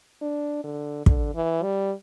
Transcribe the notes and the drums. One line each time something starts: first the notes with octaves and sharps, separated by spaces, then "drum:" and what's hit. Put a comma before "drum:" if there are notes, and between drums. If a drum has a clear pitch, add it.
D4
D3
D3, drum: kick
E3
G3